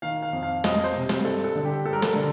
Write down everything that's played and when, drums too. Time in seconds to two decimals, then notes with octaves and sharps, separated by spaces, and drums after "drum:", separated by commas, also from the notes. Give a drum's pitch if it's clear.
0.02 D#3 F5
0.22 F5
0.33 F2
0.43 F5
0.64 F2 D#5, drum: snare
0.84 C5
0.95 C3
1.09 drum: snare
1.24 G2 A4
1.44 A4
1.55 D3
1.65 G4
1.85 G2 A4
1.93 A#4
2.02 A4, drum: snare
2.16 D3